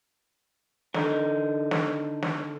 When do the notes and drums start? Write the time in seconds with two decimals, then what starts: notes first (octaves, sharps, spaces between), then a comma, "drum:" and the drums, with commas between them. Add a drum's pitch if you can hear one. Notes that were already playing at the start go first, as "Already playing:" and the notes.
0.94 D3 D#4, drum: snare
1.71 drum: snare
2.22 drum: snare